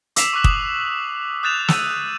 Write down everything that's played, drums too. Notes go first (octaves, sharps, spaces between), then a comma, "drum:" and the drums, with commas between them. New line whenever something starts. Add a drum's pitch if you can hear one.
D6 E6 B6 C7 E7 F7, drum: hi-hat
C#6 D6 F#6 B6 F#7
D#6, drum: kick
D#6 F#6 G6 A6 E7 F7
E6 D#7, drum: snare